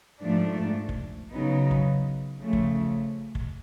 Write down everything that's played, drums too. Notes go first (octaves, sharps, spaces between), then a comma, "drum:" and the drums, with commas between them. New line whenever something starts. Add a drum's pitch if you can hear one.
G#2 F3 A3 D4
drum: kick
C#3 F#3 B3 D#4
drum: kick
C#3 F3 A3
drum: kick
drum: kick